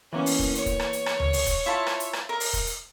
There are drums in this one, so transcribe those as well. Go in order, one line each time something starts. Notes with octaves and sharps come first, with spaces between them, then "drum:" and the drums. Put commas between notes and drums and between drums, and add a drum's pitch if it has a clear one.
E3 A#3 B3 C#4
drum: open hi-hat
drum: kick
C#5, drum: hi-hat
drum: kick, hi-hat
drum: rim click
drum: hi-hat
drum: rim click
drum: tom D2
drum: open hi-hat
drum: kick, hi-hat
E4 F4 E5 A5 C#6
drum: rim click
drum: hi-hat
drum: rim click
A#4 A#5
drum: open hi-hat
drum: kick, hi-hat
drum: hi-hat